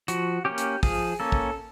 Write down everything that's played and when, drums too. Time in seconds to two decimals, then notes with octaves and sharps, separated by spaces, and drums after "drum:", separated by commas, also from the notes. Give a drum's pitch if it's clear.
0.08 F3 F#4, drum: hi-hat
0.45 A#3 C#4 G4
0.58 drum: hi-hat
0.83 F3 G#4, drum: kick, open hi-hat
1.20 A#3 C#4 A4
1.32 drum: kick